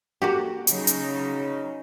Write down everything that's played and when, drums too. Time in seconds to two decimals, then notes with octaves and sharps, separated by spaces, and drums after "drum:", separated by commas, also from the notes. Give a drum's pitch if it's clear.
0.22 A#3 F#4 G4
0.67 C#3 F#3 D#4, drum: hi-hat
0.87 drum: hi-hat